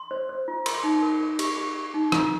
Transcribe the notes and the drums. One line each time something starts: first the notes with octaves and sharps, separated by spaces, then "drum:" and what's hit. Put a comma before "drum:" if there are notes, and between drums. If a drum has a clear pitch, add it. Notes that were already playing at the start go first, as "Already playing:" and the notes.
Already playing: C6
C5
C5
F4
A#4 C6, drum: cymbal
D#4
A#4
A#4
G4, drum: cymbal
G4
G4
D#4
F4, drum: rim click